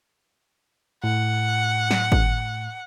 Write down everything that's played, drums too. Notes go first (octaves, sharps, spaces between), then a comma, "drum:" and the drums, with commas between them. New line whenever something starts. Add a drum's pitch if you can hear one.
A2 F#5
drum: snare
drum: kick G#1